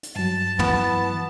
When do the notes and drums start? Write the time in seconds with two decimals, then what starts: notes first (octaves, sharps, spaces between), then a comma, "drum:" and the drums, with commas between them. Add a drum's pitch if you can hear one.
0.03 drum: hi-hat
0.16 G2 F#3 A5
0.59 E3 B3, drum: tom